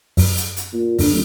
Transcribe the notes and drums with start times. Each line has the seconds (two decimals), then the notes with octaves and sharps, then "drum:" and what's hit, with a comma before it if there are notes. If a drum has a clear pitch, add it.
0.17 F#2, drum: open hi-hat
0.37 drum: hi-hat
0.56 drum: hi-hat
0.73 A#2
0.99 D3, drum: kick, open hi-hat
1.11 D#1